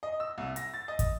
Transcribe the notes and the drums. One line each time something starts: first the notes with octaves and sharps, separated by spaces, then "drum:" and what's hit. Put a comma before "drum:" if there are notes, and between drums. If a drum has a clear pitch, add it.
D#5
E6
C2
A#6, drum: hi-hat
A6
D#5
drum: kick, hi-hat